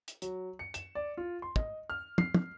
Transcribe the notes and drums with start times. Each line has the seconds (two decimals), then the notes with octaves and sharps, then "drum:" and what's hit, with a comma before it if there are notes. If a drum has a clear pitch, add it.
0.08 drum: hi-hat
0.22 F#3, drum: hi-hat
0.59 C#7
0.74 E7, drum: hi-hat
0.95 D5
1.17 F4
1.42 C6
1.56 D#5, drum: kick
1.90 F6
2.18 C7, drum: tom
2.34 drum: tom